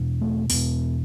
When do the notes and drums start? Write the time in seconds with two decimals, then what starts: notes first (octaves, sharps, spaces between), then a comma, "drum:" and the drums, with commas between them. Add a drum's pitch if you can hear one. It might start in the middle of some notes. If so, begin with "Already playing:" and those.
Already playing: E2 B2
0.21 A3
0.50 E2 B2 B3, drum: open hi-hat